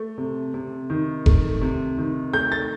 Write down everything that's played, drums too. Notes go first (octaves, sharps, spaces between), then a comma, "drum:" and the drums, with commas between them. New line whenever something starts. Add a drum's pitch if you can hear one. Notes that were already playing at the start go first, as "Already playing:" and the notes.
Already playing: A3
C3
C3
D#3
A3, drum: kick F1
C3
D#3
A3 G6
A6